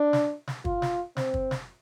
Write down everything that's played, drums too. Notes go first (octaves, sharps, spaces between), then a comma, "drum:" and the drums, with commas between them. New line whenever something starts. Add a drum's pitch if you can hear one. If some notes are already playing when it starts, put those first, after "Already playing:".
Already playing: D4
drum: snare
drum: snare
F4, drum: kick
drum: snare
C4, drum: snare
drum: kick
drum: snare